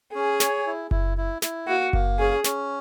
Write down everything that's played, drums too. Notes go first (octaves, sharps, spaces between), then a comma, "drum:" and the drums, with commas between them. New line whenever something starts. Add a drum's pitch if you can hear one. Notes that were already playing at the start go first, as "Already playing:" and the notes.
C#4 G#4
C#5, drum: snare
E4
E4, drum: kick F#1
E4
E4, drum: snare
A#3 F#4
A#3, drum: kick F#1
C#4 G#4
C#4, drum: snare